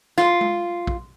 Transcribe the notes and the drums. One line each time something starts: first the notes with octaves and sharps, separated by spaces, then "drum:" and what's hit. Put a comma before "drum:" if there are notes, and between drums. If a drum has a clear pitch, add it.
F4, drum: snare
drum: tom G#3
drum: kick